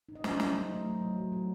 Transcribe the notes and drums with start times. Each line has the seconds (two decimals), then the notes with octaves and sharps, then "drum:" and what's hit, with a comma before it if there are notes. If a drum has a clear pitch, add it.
0.09 D#4
0.15 D#5
0.24 D#4 C5 E5, drum: snare
0.40 F#3, drum: snare
0.55 D#4
0.70 A3
0.86 F#3
1.01 F#3
1.17 F#3
1.32 F#3